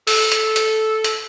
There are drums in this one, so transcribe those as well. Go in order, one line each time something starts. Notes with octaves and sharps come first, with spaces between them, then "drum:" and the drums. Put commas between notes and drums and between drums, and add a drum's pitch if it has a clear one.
A4, drum: open hi-hat
drum: hi-hat
drum: hi-hat
drum: hi-hat